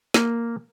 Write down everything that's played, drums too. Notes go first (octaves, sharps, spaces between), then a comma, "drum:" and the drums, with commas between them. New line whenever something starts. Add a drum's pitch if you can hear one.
A#3, drum: snare